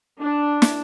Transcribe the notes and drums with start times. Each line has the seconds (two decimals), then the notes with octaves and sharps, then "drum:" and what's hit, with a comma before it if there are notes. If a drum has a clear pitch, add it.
0.21 D4
0.62 drum: snare